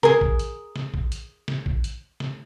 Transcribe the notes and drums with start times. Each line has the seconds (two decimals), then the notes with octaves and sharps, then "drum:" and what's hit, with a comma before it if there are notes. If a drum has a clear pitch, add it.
0.03 G#4 A#4, drum: snare
0.21 drum: kick
0.39 drum: hi-hat
0.76 drum: snare
0.94 drum: kick
1.12 drum: hi-hat
1.48 drum: snare
1.66 drum: kick
1.84 drum: hi-hat
2.20 drum: snare